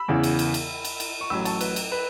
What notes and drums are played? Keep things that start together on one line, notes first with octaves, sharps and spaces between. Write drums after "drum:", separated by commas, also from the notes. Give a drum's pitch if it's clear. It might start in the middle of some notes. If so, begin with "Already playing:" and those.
Already playing: B5 E6
E2 C#3 E3
drum: cymbal
drum: cymbal
drum: cymbal
drum: cymbal
drum: cymbal
C#6
A1 A2 F#3 B5 E6
A5 C#6, drum: cymbal
B4, drum: cymbal
drum: cymbal
B4